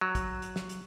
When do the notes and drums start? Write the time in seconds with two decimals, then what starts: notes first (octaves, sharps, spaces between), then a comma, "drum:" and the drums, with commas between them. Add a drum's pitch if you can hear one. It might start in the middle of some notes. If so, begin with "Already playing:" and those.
0.01 F#3
0.15 drum: kick, hi-hat
0.42 drum: hi-hat
0.56 drum: snare
0.69 drum: hi-hat